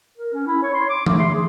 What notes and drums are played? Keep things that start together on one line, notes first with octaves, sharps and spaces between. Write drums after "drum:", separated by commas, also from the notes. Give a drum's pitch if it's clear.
A#4
C#4
E4
C#5
C6
D6
A3, drum: tom E3
C6
G#4